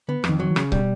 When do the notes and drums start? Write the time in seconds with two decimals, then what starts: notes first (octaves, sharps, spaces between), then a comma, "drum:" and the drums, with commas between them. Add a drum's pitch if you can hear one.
0.08 D3 B3
0.24 F2, drum: rim click
0.29 D#3
0.40 D#3 F#3
0.51 E3
0.56 C#3, drum: rim click
0.72 B2 G3, drum: kick C#1